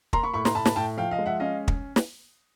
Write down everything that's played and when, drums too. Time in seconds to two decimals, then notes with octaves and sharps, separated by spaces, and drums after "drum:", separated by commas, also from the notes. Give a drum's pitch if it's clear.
0.13 A#3 A#5 C6, drum: kick
0.23 B5 C#6
0.33 A2 B5 C#6
0.45 A#5 C6, drum: snare
0.55 A2 A5 B5
0.65 A5 B5, drum: snare
0.76 A2 G5 A5
0.97 F3 F5 G5
1.11 D#5 F5
1.19 G#3
1.26 E5 F#5
1.40 C#4 D#5 F5
1.68 drum: kick
1.96 drum: snare